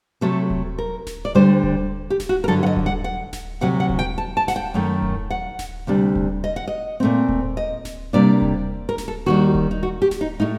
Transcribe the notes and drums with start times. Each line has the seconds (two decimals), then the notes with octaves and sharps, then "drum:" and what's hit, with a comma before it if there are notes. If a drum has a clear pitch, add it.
0.21 C3 F#3 A3 A4
0.50 drum: kick D#1
0.79 A#4
1.07 drum: snare D1
1.25 D5
1.35 D2 D3 G3 D4 C5
1.63 drum: kick D#1
2.10 G4
2.20 drum: snare D1
2.29 F#4
2.44 A#4
2.48 G2 D3 F#3 A4
2.63 F#5
2.66 D#5
2.76 drum: kick D#1
2.86 F#5
3.04 F#5
3.33 drum: snare D1
3.61 D2 C3 F#3 F#5
3.80 F#5
3.89 drum: kick D#1
3.99 G5
4.18 A5
4.37 A5
4.48 F#5, drum: snare D1
4.56 G5
4.74 F#2 D#3 A3
5.02 drum: kick D#1
5.30 F#5
5.59 drum: snare D1
5.87 D2 C3 G3 D4
6.15 drum: kick D#1
6.44 D#5
6.56 F#5
6.68 D#5
7.00 A#2 A3 C4
7.29 drum: kick D#1
7.57 D#5
7.85 drum: snare D1
8.13 C3 G3 A#3 D4 D5
8.42 drum: kick D#1
8.89 A#4
8.98 drum: snare D1
9.08 A4
9.26 D#2 D#3 G3 F#4
9.55 drum: kick D#1
9.71 D#4
9.83 F#4
10.02 G4
10.11 drum: snare D1
10.21 D#4
10.40 A2 A3 D#4